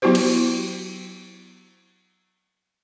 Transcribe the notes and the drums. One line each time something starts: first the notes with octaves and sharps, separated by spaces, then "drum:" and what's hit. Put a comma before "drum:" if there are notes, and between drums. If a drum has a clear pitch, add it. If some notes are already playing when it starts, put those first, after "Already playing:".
F#3 B3 E4 F#4 G4 C5
drum: cymbal